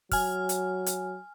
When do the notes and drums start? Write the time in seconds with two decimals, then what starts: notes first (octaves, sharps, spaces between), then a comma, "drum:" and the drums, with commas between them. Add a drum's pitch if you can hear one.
0.12 F#3 G#5 F6, drum: kick, open hi-hat
0.49 drum: hi-hat
0.86 drum: hi-hat